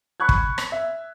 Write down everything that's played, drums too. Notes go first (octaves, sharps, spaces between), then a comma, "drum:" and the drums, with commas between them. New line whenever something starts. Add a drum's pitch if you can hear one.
B5 C#6 F#6 G#6
drum: kick
drum: rim click
E5